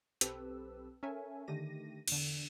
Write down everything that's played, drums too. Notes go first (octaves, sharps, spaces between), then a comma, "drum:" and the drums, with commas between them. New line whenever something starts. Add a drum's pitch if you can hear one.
B1 C4 G4 A4 B4 E6, drum: hi-hat
C#4 A4 A#4 C#5 E5 G#5
D3 D#3 A3 G4 A#6 D#7
E2 D3, drum: cymbal